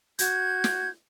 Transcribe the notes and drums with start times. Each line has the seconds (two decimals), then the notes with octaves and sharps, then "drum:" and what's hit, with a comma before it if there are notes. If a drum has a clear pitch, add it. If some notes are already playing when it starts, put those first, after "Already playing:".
0.19 F#4 G6 G#6, drum: hi-hat
0.64 drum: snare